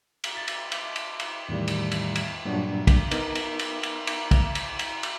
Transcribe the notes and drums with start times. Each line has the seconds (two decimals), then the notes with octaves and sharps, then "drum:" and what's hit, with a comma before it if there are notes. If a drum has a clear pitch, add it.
0.24 drum: cymbal
0.37 A6
0.48 drum: cymbal
0.72 drum: cymbal
0.96 drum: cymbal
1.20 drum: cymbal
1.49 E2 A2 D#3 G3
1.68 drum: cymbal
1.91 drum: cymbal
2.15 drum: cymbal
2.45 G2 A#2 F#3 D4 F#4
2.87 drum: kick, cymbal
3.11 B3 D#4 A#4, drum: cymbal
3.35 drum: cymbal
3.59 drum: cymbal
3.83 drum: cymbal
4.07 drum: cymbal
4.31 drum: kick, cymbal
4.55 drum: cymbal
4.79 drum: cymbal
5.03 drum: cymbal